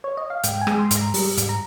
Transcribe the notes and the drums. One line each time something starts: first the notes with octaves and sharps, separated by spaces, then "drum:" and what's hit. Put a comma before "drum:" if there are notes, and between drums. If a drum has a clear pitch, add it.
C#5
D#5
F5
G#2 G5, drum: hi-hat
G#5
G#3, drum: rim click
C6
G#2, drum: hi-hat
A#5
G3, drum: open hi-hat
G#2, drum: hi-hat
A#5